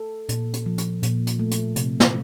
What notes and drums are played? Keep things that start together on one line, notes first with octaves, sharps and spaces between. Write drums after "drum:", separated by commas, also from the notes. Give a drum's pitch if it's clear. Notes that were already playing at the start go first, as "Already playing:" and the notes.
Already playing: A4
A#2, drum: hi-hat
drum: hi-hat
F3
drum: hi-hat
A#2, drum: hi-hat
drum: hi-hat
A3
drum: hi-hat
C3, drum: hi-hat
drum: snare